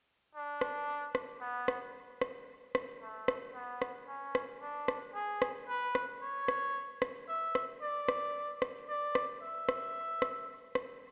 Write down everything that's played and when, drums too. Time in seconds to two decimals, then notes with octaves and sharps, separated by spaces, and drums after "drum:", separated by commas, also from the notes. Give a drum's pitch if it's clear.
0.35 D4
0.61 drum: rim click
1.15 drum: rim click
1.41 B3
1.68 drum: rim click
2.21 drum: rim click
2.75 drum: rim click
3.02 A3
3.28 drum: rim click
3.54 B3
3.82 drum: rim click
4.08 C#4
4.35 drum: rim click
4.62 D4
4.88 drum: rim click
5.14 G#4
5.42 drum: rim click
5.68 B4
5.95 drum: rim click
6.22 C#5
6.48 drum: rim click
7.02 drum: rim click
7.28 E5
7.55 drum: rim click
7.82 D5
8.08 drum: rim click
8.62 drum: rim click
8.89 D5
9.15 drum: rim click
9.42 E5
9.69 drum: rim click
10.22 drum: rim click
10.75 drum: rim click